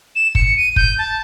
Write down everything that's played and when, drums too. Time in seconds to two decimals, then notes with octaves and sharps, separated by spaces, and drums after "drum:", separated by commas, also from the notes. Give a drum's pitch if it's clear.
0.15 E7
0.35 C#7, drum: kick
0.57 D#7
0.76 G6, drum: kick
0.98 A5